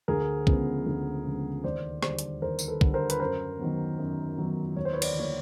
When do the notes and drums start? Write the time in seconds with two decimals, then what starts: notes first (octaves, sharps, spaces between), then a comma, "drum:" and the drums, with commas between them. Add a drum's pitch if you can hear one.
0.08 D2 G#4 A#4
0.47 C#3 F3 G#3 B3, drum: kick C2
0.86 D2
1.25 C#3 F3 G#3 B3
1.64 D#2 C5 D5
2.03 D3 G3 C5 D5, drum: rim click
2.19 drum: hi-hat
2.42 D#2 A#4 C5
2.59 drum: tambourine
2.68 A4 B4
2.81 D3 G3, drum: kick C2
2.94 A#4 C5
3.10 B4, drum: hi-hat
3.20 F#2 A#4 C5
3.60 D#3 F#3 B3
3.98 F#2
4.37 D#3 F#3 B3
4.76 D#2 C#5
4.85 C5
4.93 B4 C#5
5.02 C5 D5, drum: cymbal
5.15 D3 F3 A#3 C#5